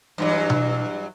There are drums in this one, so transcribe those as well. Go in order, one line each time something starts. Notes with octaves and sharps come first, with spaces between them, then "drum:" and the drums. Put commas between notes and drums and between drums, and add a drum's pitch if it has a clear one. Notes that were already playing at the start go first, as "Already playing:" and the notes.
G2 E3 F#3
drum: tom B2